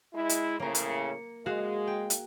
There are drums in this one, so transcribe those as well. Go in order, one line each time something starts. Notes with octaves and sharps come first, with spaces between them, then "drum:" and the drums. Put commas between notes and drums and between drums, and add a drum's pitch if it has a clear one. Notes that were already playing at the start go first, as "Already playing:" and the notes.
G#3 E4
drum: hi-hat
A2 C#3 A#3 A#4
drum: hi-hat
C#7
G#3 F#4 G#4 F5
G5
drum: hi-hat